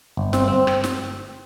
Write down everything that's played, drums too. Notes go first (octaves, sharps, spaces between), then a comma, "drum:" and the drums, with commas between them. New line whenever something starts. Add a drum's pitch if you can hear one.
G1
C4, drum: snare
C4
drum: rim click
drum: snare